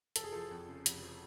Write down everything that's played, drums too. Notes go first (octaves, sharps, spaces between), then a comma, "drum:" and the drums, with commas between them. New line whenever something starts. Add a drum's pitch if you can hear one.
F1 A4, drum: hi-hat
G#4
F3 A4
F2
C#3
F1, drum: hi-hat
F3